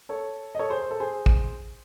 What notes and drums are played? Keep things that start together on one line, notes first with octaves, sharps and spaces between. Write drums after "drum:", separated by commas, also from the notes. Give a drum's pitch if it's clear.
A4 C#5
D#5
A4 C#5
G#4 C5
C5
A4
G#4 C5
drum: kick A1